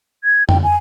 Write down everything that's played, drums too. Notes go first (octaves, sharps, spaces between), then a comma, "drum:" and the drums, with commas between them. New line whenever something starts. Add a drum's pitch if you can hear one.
G#6
G5, drum: tom
G#5